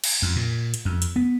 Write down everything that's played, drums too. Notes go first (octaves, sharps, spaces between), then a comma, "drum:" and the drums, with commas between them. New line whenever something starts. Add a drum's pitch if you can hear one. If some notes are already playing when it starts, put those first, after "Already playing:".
drum: cymbal
F2
A#2
drum: hi-hat
F2
drum: hi-hat
B3